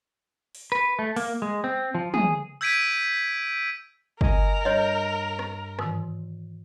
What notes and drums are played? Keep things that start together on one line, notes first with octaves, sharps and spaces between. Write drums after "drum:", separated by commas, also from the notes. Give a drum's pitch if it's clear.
drum: open hi-hat
B4
A3
A#3, drum: open hi-hat
G#3
C4
F3
G#4, drum: tom
E6 G6 G#6 B6 D7 D#7
A#4 D#5 G#5, drum: kick
G2 C#5 D#5 C6
drum: rim click
G#2 D#3 E3, drum: rim click